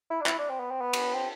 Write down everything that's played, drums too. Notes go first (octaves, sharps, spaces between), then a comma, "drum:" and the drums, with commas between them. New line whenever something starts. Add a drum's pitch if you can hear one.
E4
D4
E4, drum: clap
D4
C4
B3
C4
B3
drum: cymbal
C4